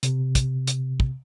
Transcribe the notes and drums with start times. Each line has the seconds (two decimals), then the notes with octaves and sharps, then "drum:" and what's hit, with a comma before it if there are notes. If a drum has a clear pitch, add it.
0.03 C3, drum: hi-hat
0.35 drum: kick, hi-hat
0.67 drum: hi-hat
1.00 drum: kick